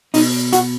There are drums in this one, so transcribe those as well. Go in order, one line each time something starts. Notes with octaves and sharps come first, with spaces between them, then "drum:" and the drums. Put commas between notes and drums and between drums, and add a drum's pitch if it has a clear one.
B2 D#4, drum: open hi-hat
F#4, drum: hi-hat